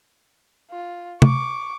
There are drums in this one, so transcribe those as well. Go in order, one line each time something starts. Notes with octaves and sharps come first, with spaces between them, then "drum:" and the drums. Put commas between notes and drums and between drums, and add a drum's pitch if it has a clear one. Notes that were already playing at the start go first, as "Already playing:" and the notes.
F4
C#6 D6, drum: tom C3